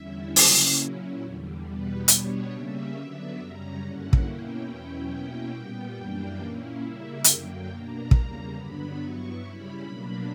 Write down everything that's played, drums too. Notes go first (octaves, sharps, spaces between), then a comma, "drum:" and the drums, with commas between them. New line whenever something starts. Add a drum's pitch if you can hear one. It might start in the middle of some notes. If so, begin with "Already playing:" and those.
Already playing: E2 D3 G3 C#4 E4 E5
C#3 F#3 A#3 C#4 E4, drum: open hi-hat
A#2 F#3 C#4 E4
E2 D3 G3
E2 B2 G3 B3 B4
B2 G3 B3 D4 C#5, drum: hi-hat
C#3 G3 A#3 C#4 E5
D3 F#3 B3 D4
F#2 C#3 G3 C#4 A#5
G2 D3 A#3 C#4 E4 F#5
drum: kick
B2 A#3 C#4 E4 G5
E2 B2 F#3 C#4 E4
B2 A#3 C#4 E4 G5
A#2 G3 B3
F#2 E3 G3 A#3 D4
A#2 A#3 C#4 E4
C#3 G3 A#3 E4 E5
F#2 D3 F#3 A#3 G5, drum: hi-hat
B2 A#3 D4 A#5
E2 C#3 G3 A#3, drum: kick
G2 D3 F#3 B3 D4 B5
G2 F#3 B3 E4 C#6
C#3 G3 C#4 E4 B5
B2 F#3 A#3 D4